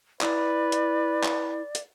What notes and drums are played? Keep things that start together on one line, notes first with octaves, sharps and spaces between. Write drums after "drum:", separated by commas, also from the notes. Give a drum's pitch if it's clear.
E4 B4 D5, drum: clap
drum: hi-hat
drum: clap
drum: hi-hat